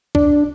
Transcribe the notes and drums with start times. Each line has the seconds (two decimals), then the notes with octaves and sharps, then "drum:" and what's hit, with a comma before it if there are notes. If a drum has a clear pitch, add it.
0.15 D4, drum: kick C2